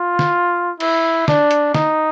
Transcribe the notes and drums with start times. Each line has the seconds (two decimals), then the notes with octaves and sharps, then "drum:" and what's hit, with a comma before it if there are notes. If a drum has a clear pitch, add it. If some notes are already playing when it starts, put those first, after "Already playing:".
Already playing: F4
0.19 drum: snare
0.80 E4, drum: cymbal
1.28 D4, drum: snare
1.51 drum: hi-hat
1.75 D#4, drum: snare